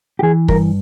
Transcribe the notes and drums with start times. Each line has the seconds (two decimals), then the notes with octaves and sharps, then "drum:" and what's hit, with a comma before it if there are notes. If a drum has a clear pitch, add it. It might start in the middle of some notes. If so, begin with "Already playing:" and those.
0.19 G4
0.23 E3 G#4
0.48 G2 A#4, drum: kick